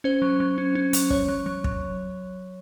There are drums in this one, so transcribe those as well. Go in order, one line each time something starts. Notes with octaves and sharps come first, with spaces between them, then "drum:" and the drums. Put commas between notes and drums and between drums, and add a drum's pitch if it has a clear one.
C#4 C5
F#3
F#3
C#4
C#4
F#3, drum: hi-hat
F#3 C#5, drum: kick
F#3
F#3
F#3, drum: kick